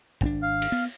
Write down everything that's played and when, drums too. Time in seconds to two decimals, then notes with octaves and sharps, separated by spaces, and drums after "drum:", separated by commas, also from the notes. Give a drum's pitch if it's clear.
0.21 G#1 C4 D4, drum: kick A#1
0.42 F5
0.62 drum: cymbal
0.72 B3